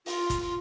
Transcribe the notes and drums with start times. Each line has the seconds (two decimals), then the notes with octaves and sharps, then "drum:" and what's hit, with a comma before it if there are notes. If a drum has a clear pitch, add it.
0.06 F4, drum: open hi-hat
0.30 drum: kick, hi-hat